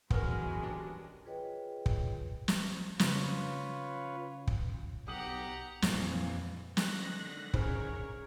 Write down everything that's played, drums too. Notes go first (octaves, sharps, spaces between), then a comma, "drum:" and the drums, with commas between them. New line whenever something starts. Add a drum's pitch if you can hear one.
E3 F#3 G#3 B3 C#4 A#4, drum: kick
G3 D4
F4 G#4 B4 C#5 D#5 G5
drum: kick
drum: snare
C#3 F4 B4 C#5, drum: snare
drum: kick
B1 G4 F#5 A#5 D#6 F#7
F2 A#2 E3, drum: snare
D3 D#3 C4 C#4 A4 F#6 A#6, drum: snare
C#4 D#4 E4 G#4 A#4 C5 C#5 F6, drum: kick